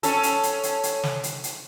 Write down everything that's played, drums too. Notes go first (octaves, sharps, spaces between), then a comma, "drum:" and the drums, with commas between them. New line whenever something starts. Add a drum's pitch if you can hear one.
C#4 A4, drum: hi-hat
drum: hi-hat
drum: hi-hat
drum: hi-hat
drum: hi-hat
drum: snare
drum: hi-hat
drum: hi-hat